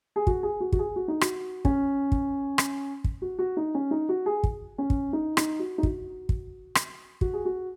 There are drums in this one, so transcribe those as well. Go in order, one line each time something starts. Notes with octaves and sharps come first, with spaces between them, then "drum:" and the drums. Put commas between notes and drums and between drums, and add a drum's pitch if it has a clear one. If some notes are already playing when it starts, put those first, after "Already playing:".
G#4
F#4, drum: kick
G#4
F#4
F#4, drum: kick
G#4
F#4
D#4
F#4, drum: rim click
C#4, drum: kick
drum: kick
drum: rim click
drum: kick
F#4
F#4
D#4
C#4
D#4
F#4
G#4
drum: kick
C#4
drum: kick
D#4
D#4, drum: rim click
F#4
D#4
F#4, drum: kick
drum: kick
drum: rim click
F#4, drum: kick
G#4
F#4